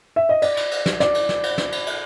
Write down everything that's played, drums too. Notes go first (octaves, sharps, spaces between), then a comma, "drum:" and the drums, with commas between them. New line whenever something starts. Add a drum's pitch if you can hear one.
E5
D#5
D5, drum: cymbal
drum: cymbal
drum: cymbal
drum: snare
D5, drum: snare
drum: cymbal
drum: snare
drum: cymbal
drum: snare
drum: cymbal
drum: cymbal